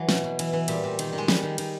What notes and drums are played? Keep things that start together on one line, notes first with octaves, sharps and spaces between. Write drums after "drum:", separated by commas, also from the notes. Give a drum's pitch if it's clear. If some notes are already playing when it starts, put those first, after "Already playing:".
Already playing: E3 F#3
B2, drum: snare
B2
E3, drum: cymbal
E3
A#2 G3, drum: cymbal
A#2
D#3, drum: cymbal
D#3
G#3
D#3 G3, drum: snare
D#3
D#3, drum: cymbal